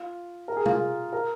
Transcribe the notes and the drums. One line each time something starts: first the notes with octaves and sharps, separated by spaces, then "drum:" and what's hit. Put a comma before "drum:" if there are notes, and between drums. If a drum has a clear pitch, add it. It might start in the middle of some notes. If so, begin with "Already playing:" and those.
Already playing: F4
A#4
G#4
F4, drum: tom
G#4
A#4